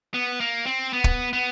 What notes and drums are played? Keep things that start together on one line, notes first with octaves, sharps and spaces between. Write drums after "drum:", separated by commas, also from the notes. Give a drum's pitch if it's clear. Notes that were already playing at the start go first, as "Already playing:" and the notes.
B3
A#3
C4
B3
drum: kick
B3